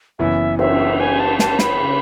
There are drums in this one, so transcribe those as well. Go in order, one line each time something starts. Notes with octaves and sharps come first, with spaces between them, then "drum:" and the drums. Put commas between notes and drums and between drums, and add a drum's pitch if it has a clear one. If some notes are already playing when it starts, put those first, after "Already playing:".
F#1 F#2 E3 B3 E4 E5
E5, drum: cymbal
G#5
A5
A5, drum: snare
B5, drum: snare
C#3